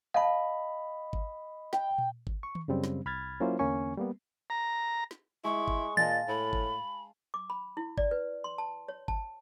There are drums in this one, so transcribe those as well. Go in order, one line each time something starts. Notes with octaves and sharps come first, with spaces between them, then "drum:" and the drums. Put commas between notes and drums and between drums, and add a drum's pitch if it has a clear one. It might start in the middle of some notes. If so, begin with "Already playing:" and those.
D#5 F5 A5 B5
drum: kick G#1
G5, drum: snare
drum: tom A#2
drum: kick G#1
C#6
drum: tom D#3
F#2 C#3 G3 C4
drum: snare
C2 B5 F6 G#6 A6
F#3 A#3 C#4 E4 F4 C5
E2 D3 A#3 C#4 G#5 C#6
G3 A#3 B3
A#5
drum: snare
G#3 E4 C#6
drum: kick G#1
A#2 D#5 F5 G#5 A5 A6, drum: tom D#3
A2 B5
drum: kick G#1
D6
B5
E4
D5, drum: kick G#1
B4
C6
A5
C#5
A5, drum: kick G#1